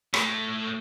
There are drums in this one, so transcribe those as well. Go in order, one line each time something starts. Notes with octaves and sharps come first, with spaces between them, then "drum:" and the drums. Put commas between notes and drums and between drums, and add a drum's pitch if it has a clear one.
A2 A3, drum: rim click